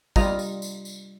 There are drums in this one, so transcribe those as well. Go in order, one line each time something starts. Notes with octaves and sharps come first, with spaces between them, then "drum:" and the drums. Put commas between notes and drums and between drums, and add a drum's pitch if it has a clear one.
G3 F4 D#5 A#5, drum: kick, tambourine
drum: tambourine
drum: tambourine
drum: tambourine